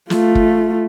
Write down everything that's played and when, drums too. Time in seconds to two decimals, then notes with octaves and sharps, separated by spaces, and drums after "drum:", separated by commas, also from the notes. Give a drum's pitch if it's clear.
0.10 A3 F4, drum: snare
0.35 drum: kick